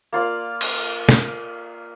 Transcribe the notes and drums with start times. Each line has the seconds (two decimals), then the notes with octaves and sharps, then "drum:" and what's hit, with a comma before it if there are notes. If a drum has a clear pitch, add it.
0.13 A#3 F4 D5
0.61 drum: cymbal
1.09 drum: snare